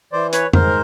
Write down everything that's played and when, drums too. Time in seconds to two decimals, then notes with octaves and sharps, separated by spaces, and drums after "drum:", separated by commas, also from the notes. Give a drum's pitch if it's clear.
0.13 E3 C5 D5
0.33 B4 C#5, drum: hi-hat
0.53 G#2 A#4 C5, drum: tom F2